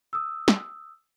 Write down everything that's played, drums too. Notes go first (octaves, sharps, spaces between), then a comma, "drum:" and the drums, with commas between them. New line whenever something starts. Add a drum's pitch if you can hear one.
D#6 E6
drum: snare